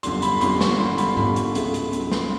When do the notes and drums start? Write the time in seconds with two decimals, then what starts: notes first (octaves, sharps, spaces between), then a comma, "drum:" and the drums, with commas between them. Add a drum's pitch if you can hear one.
0.03 G1 F#2 D3 G3 C6, drum: hi-hat
0.22 B5, drum: hi-hat
0.36 B5
0.41 G1 F#2 D3 G3 C6, drum: hi-hat
0.61 C#6, drum: snare
0.79 G1 F#2 D3 G3 C6
0.98 B5, drum: hi-hat
1.17 G1 F#2 D3 G3 B5, drum: tom G#2
1.36 drum: hi-hat
1.55 C#2 C#3 F#3 A3, drum: hi-hat
1.74 drum: hi-hat
1.93 C#2 C#3 F#3 A3, drum: hi-hat
2.11 C6, drum: snare